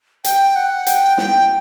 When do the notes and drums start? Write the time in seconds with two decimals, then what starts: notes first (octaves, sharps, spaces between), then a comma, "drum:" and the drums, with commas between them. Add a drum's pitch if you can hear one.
0.24 G5, drum: hi-hat
0.56 F#5
0.86 G5, drum: hi-hat
1.18 G5, drum: snare